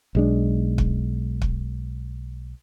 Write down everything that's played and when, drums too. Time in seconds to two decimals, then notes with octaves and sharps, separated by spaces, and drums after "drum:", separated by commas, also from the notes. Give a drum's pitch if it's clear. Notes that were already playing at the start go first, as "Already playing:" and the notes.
0.15 B1 G#3 D4
0.78 drum: kick
1.42 drum: kick